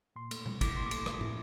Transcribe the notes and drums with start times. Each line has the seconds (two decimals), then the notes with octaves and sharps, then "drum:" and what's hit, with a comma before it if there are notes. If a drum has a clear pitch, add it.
0.16 A#2 C6
0.31 A3, drum: cymbal
0.46 F3, drum: tom B2
0.61 E4 D6, drum: kick, cymbal
0.76 A#2 C6
0.86 D6
0.91 A3 C6, drum: cymbal
1.06 F3, drum: rim click
1.21 E4, drum: tom